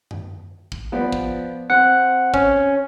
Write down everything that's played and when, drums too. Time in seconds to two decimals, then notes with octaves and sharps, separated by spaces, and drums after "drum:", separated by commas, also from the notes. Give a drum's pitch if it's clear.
0.11 drum: tom F#2
0.72 drum: kick
0.92 F3 B3 D5
1.12 drum: kick
1.70 C4 F#5
2.34 C#4, drum: kick